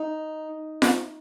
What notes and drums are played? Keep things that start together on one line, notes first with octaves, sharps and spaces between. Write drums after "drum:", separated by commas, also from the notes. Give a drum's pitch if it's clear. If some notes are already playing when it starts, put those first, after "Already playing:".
Already playing: D#4
drum: snare F4